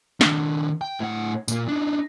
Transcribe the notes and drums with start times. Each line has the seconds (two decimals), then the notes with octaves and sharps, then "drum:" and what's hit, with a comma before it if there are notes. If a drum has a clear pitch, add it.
0.21 D#3 D4, drum: snare
0.81 G5
1.00 A2 F#5
1.48 A#2 A#3, drum: tambourine
1.68 D4 D#4